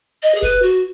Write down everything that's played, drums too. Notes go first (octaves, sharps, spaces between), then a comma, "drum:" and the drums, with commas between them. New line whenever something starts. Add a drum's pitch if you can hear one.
D#5
G#4
B4, drum: kick F1
F#4